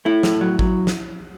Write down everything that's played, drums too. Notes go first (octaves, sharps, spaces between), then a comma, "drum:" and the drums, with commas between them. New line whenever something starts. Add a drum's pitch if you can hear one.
A3 E4
A2, drum: snare
F#3
F#3, drum: kick
drum: snare